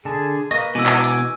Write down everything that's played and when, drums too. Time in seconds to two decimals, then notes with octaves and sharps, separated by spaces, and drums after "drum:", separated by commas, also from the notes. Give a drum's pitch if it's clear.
0.05 D3 G#4 A5
0.51 A#3 B4 D#5 C#6 D#6, drum: hi-hat
0.75 B2 E3 G#5 D6 E6 D#7
0.86 drum: clap
1.04 drum: hi-hat